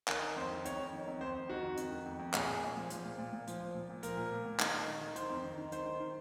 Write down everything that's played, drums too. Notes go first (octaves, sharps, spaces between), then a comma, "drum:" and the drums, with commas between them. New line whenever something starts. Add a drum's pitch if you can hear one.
D#3 A#4, drum: clap
D#3
F2 C5
D#3
F2 C#5, drum: hi-hat
F2
D#3
F2
F2 C5
F2
D#3 F#4
D#3
F2, drum: hi-hat
D#3
F2
F2
A#2 G#4, drum: clap
A#2
A#2
F3
F3, drum: hi-hat
A#2
A#2
A#2
F3, drum: hi-hat
F3
A#2
A#2
F3 A#4, drum: hi-hat
A#2
A#2
A#2
D#3, drum: clap
D#3
D#3
D#3
D#3 C5, drum: hi-hat
F2
D#3
D#3
D#3 C5, drum: hi-hat
D#3
D#3